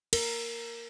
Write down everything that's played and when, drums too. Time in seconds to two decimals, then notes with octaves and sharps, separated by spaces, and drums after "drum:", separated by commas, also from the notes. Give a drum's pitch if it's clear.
0.13 A#4, drum: cymbal